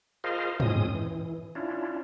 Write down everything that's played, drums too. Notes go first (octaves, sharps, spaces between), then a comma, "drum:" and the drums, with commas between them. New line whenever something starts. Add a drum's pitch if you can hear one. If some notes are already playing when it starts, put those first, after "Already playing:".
F4 G#4 A#4 C5 D#5 F5
E2 A#2 G#3 C4 C#4 D#6, drum: tom
E3
C#4 D4 E4 F4